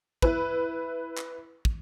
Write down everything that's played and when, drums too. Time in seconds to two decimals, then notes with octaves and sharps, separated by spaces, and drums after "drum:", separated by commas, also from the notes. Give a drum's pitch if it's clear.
0.22 E4 B4, drum: kick
1.17 drum: clap
1.65 drum: kick